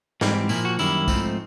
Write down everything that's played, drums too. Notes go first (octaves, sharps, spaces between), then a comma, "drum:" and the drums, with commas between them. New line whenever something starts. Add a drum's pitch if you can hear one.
G#2 E3 G3 C4, drum: snare
A#2 F3 A#3 E4, drum: tambourine
F#4
F#2 D#3 G3 A#3 E4, drum: tambourine
G#2 F3 A3 C4, drum: kick, tambourine